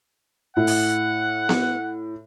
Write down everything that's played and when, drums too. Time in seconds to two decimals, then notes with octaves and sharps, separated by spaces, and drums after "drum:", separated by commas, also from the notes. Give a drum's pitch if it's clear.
0.57 A2 F#5
0.67 drum: open hi-hat
1.49 drum: snare B3